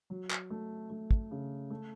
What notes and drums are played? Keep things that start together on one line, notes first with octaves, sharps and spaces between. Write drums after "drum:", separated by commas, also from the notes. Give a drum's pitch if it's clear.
F#3
drum: clap
A3
A3
drum: kick
C#3
A3